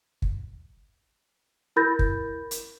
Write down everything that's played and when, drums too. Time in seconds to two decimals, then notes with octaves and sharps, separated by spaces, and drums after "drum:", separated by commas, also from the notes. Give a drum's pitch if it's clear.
0.22 drum: kick
1.76 E4 A#4 B5 G6 A6 A#6
1.99 drum: kick
2.51 drum: hi-hat